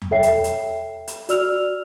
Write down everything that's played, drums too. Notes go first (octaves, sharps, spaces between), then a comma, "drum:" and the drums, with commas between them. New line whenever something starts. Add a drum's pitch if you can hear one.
drum: tom E2
A4 C#5 E5 G5 C7
drum: hi-hat
drum: hi-hat
drum: hi-hat
F#4 D5 E6 F6 F7, drum: hi-hat